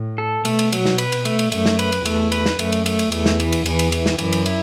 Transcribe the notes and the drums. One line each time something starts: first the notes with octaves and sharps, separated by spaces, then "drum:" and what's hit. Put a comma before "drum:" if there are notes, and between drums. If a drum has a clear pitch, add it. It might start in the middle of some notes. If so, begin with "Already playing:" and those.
Already playing: A2
A4
B2 A3, drum: cymbal
drum: cymbal
F#3, drum: cymbal
drum: snare
B4, drum: cymbal
drum: cymbal
A3, drum: cymbal
drum: cymbal
F#2 A3, drum: cymbal
drum: snare
B4, drum: cymbal
drum: cymbal
E2 A3, drum: cymbal
B4, drum: cymbal
drum: snare
F#2 A3, drum: cymbal
drum: cymbal
A3, drum: cymbal
drum: cymbal
E2 A3, drum: cymbal
drum: snare
E3, drum: cymbal
drum: cymbal
E2 E3, drum: cymbal
drum: cymbal
E3, drum: cymbal
drum: snare
F#2 E3, drum: cymbal
drum: cymbal
E4, drum: cymbal